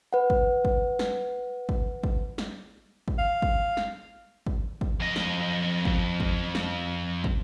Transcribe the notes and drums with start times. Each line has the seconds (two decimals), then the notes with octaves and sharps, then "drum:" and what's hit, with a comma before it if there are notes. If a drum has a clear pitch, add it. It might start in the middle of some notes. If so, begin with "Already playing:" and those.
0.13 B4 F#5
0.30 drum: kick
0.65 drum: kick
0.99 drum: snare
1.69 drum: kick
2.03 drum: kick
2.38 drum: snare
3.08 drum: kick
3.18 F5
3.42 drum: kick
3.77 drum: snare
4.46 drum: kick
4.81 drum: kick
5.00 F2 D#5
5.16 drum: snare
5.85 drum: kick
6.20 drum: kick
6.55 drum: snare
7.24 drum: kick